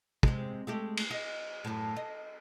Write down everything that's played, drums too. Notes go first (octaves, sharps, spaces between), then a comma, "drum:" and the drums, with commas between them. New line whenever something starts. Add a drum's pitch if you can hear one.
C3 G#3, drum: kick
G#3 A3 G4
drum: cymbal
D#5
F#2 A2
D#5